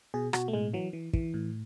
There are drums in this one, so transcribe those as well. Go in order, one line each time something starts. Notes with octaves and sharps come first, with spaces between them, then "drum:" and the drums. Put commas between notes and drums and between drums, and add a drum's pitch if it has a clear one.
B2 G#4
B2 F#4, drum: rim click
A3
A2 G#3
E3 F#3
E3
E3, drum: kick
A2